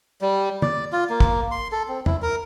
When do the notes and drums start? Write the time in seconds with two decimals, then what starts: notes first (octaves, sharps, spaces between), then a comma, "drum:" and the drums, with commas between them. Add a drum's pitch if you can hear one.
0.21 G3
0.62 D5, drum: tom
0.93 F4
1.10 A#3
1.20 drum: kick
1.51 C6
1.72 A4
1.88 C4
2.06 E4, drum: tom
2.22 A#4